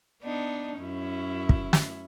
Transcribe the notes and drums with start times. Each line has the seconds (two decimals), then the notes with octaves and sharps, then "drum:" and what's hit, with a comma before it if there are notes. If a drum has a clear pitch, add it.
0.23 B3 D4 D#4
0.79 F#2 C#4 E4
1.49 drum: kick
1.73 drum: snare